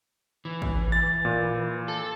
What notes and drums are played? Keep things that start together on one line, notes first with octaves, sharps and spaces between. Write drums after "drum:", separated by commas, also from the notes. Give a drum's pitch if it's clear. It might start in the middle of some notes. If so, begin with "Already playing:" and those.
E3
drum: kick
A6
A#2
A4